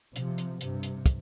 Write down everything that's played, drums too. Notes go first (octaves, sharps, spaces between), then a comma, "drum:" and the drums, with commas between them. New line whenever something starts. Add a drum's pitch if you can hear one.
C3 F3, drum: hi-hat
drum: hi-hat
G2 C3, drum: hi-hat
drum: hi-hat
drum: kick, hi-hat